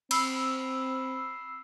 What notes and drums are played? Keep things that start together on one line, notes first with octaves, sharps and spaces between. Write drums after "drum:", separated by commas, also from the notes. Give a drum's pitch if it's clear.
C4 B5 E6 C7, drum: cymbal